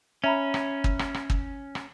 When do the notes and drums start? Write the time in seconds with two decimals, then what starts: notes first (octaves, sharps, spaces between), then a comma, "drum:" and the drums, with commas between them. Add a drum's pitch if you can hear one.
0.24 C#4 E5 A#5 B5
0.54 drum: rim click
0.84 drum: kick
0.99 drum: rim click
1.14 drum: rim click
1.30 drum: kick
1.75 drum: rim click